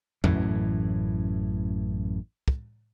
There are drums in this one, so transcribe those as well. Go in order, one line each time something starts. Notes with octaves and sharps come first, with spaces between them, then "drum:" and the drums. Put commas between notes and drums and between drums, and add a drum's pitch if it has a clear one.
A1 F#2 A2 E3, drum: tom E2
drum: kick